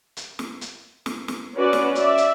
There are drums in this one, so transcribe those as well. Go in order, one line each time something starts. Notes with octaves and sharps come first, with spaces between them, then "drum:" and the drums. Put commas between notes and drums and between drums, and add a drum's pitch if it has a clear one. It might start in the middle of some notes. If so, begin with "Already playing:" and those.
drum: hi-hat
drum: snare
drum: hi-hat
drum: snare
drum: snare
C#4 F#4 B4 D5
drum: snare
D5 E5, drum: hi-hat
drum: hi-hat